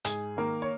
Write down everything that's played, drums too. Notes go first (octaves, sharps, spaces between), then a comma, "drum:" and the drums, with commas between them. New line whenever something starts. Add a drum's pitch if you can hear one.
G#2 G#4, drum: hi-hat
D#3 A#3 A#4
C#5